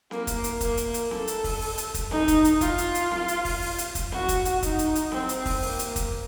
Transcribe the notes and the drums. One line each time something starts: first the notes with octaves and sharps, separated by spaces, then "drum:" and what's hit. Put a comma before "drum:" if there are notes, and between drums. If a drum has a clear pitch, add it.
A#3, drum: snare C4
drum: kick, hi-hat
drum: hi-hat
A#3, drum: kick, hi-hat
drum: hi-hat
drum: hi-hat
A4, drum: snare C4
drum: hi-hat
drum: kick, open hi-hat
drum: open hi-hat
drum: hi-hat
drum: kick, hi-hat
D#4, drum: snare C4
drum: kick, hi-hat
drum: hi-hat
F4, drum: kick, hi-hat
drum: hi-hat
drum: hi-hat
drum: snare C4
drum: hi-hat
drum: kick, open hi-hat
drum: open hi-hat
drum: hi-hat
drum: kick, hi-hat
F#4, drum: snare C4
drum: kick, hi-hat
drum: hi-hat
D#4, drum: kick, hi-hat
drum: hi-hat
drum: hi-hat
C4, drum: snare C4
drum: hi-hat
drum: kick, open hi-hat
A#3, drum: open hi-hat
drum: hi-hat
drum: kick, hi-hat